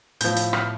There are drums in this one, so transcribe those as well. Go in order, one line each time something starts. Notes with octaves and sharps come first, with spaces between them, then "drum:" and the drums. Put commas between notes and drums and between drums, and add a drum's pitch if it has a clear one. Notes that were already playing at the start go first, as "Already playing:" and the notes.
A2 F3 G6, drum: hi-hat
drum: hi-hat
F6, drum: rim click